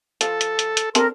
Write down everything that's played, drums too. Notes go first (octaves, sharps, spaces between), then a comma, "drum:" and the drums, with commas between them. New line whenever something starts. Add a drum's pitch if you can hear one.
F3 A4, drum: hi-hat
drum: hi-hat
drum: hi-hat
drum: hi-hat
C4 D4 A4 A#4, drum: hi-hat